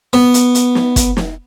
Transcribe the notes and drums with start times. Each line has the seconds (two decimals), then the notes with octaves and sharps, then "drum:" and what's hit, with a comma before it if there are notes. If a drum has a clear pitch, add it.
0.13 B3
0.34 drum: hi-hat
0.55 drum: hi-hat
0.75 drum: snare
0.96 drum: kick, hi-hat
1.17 drum: snare